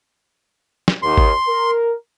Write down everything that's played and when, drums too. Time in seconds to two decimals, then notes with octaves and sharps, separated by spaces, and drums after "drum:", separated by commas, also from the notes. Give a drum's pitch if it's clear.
0.88 drum: snare
1.02 D#2 C6
1.18 drum: kick G#1
1.47 A#4